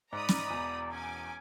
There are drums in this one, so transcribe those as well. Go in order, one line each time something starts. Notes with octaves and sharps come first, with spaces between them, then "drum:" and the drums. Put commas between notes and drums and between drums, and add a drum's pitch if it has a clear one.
G#2 D5 A#5 B5 D#6
drum: snare
E1 E2
C#4 G#5 D6